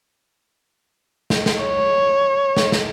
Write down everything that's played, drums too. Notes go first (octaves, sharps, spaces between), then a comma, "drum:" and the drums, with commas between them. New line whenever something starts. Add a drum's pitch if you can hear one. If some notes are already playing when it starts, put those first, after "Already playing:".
drum: snare
drum: snare
C#5
drum: snare
drum: snare